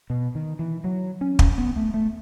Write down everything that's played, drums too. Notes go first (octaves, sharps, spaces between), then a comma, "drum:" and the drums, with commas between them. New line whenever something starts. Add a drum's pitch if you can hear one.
B2
D#3
E3
F#3
C#4
drum: kick
B3
A3
A3